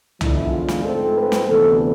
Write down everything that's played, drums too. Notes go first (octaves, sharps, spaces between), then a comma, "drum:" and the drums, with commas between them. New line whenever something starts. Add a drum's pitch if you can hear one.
E2 D3 F3 G#3 E4, drum: tom C2
F4
drum: snare
G#2 F3 A3 C4 A4
B4
drum: snare
D2 C3 E3 B3 A4